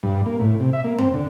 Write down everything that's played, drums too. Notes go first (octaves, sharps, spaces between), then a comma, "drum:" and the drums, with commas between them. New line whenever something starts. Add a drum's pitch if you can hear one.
G2
A#3
A2
C3
E5
A#3
C4, drum: tom F2
D3